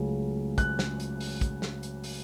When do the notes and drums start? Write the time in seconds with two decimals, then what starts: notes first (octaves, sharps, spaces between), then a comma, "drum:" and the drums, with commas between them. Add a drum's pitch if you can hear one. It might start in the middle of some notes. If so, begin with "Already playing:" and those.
Already playing: C#2 C#3 F#3 A3 C#4
0.58 F#6, drum: kick, hi-hat
0.79 drum: snare
1.00 drum: hi-hat
1.21 drum: open hi-hat
1.41 drum: kick, hi-hat
1.62 drum: snare
1.83 drum: hi-hat
2.04 drum: open hi-hat